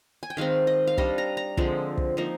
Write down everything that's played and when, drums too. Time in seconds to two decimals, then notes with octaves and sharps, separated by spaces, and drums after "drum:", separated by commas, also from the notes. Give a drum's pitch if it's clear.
0.23 G#5
0.30 G5
0.37 D#3 G#3 C4 F5
0.67 D#5
0.87 F5
0.97 G3 D4 D#5, drum: kick
1.18 A#5
1.37 A#5
1.57 D3 F3 G#3 C4, drum: kick
1.97 drum: kick
2.17 F3 A#3 D#4